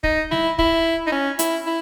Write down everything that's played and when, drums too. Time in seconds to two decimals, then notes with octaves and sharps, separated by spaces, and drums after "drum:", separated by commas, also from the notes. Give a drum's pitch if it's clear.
0.03 D#4, drum: kick
0.31 E4, drum: snare G3
0.59 E4, drum: kick
1.07 D#4
1.12 C#4
1.39 E4, drum: hi-hat
1.66 E4